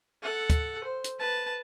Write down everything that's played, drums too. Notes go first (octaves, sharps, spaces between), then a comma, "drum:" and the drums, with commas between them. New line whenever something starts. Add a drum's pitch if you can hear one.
A4 F#5
drum: kick, hi-hat
C5
drum: hi-hat
B4 A5